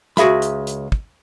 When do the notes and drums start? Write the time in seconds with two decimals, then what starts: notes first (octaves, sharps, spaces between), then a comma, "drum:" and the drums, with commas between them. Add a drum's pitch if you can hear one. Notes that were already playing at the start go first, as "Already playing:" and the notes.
0.17 C#2 F#4 G#4 E5 B5, drum: snare
0.42 drum: hi-hat
0.67 drum: hi-hat
0.92 drum: kick